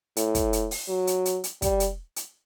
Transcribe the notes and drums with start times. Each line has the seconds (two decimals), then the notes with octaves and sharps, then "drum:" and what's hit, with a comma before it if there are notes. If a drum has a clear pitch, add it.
0.17 A2, drum: hi-hat
0.35 drum: kick, hi-hat
0.53 drum: hi-hat
0.71 drum: open hi-hat
0.89 F#3
1.07 drum: hi-hat
1.25 drum: hi-hat
1.44 drum: hi-hat
1.62 G3, drum: kick, hi-hat
1.80 drum: hi-hat
2.16 drum: hi-hat